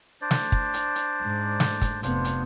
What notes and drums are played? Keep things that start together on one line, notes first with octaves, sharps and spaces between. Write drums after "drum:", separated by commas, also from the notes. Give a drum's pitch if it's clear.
D4 C5 D5
drum: snare
drum: kick
drum: hi-hat
drum: hi-hat
G#2
drum: snare
drum: kick, hi-hat
F1 B3 D4 F4 C5, drum: hi-hat
drum: hi-hat